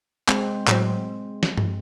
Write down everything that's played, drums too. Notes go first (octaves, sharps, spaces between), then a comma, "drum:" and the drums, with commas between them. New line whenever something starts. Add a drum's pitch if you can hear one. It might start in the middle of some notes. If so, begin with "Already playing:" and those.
G#3 C4, drum: clap
A2 F#3 C4, drum: clap
drum: snare
drum: tom G2